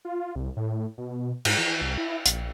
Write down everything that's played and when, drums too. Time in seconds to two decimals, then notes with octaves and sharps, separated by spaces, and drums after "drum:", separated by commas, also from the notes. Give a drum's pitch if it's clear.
0.05 F4
0.35 C2
0.57 A2
0.98 B2
1.45 G#2, drum: cymbal
1.58 E3
1.82 C2
1.98 E4
2.26 A#1, drum: hi-hat